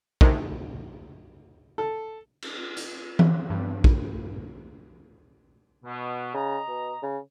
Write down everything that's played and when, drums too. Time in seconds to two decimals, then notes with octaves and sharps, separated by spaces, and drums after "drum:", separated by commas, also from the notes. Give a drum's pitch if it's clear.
0.21 C3 D#3 G#3 A3, drum: kick
1.78 A4
2.42 drum: cymbal
2.77 drum: hi-hat
3.19 drum: tom E3
3.50 G2
3.84 drum: kick
5.84 B2
6.34 C#3 D#5 A#5
6.69 B2
7.03 C#3